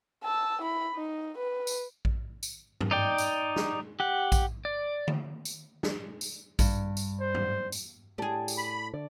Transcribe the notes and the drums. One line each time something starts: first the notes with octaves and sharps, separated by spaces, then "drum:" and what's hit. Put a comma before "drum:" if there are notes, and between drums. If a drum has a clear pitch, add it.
A5 E6
E4 B5
D#4
B4
drum: tambourine
drum: kick A#1
drum: tambourine
drum: tom G2
D#4 D5 G5
drum: tambourine
drum: snare
G4 F#5
drum: kick A#1, tambourine
D5
drum: tom D3
drum: tambourine
drum: snare
drum: tambourine
G2, drum: kick A#1, tambourine
drum: tambourine
C5
drum: tom G2
drum: tambourine
A2 G4 G#4 D5 A5
drum: tambourine
B5
D3 D5